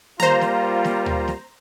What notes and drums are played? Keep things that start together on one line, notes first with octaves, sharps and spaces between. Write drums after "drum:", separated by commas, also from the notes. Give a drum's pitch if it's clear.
G3 A#3 F4 C5 A#5, drum: tom
drum: snare
drum: snare
drum: tom D2
drum: snare